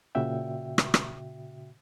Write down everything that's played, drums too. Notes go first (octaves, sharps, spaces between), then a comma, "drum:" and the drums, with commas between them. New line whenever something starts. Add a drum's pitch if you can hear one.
A#2 C#3 F#4 E5 G5
drum: rim click
drum: rim click